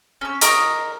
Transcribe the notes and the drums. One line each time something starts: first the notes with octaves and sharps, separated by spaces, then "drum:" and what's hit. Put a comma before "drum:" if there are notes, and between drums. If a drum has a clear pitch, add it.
C#4 E6
A#4 D#5 A#5 C#6, drum: hi-hat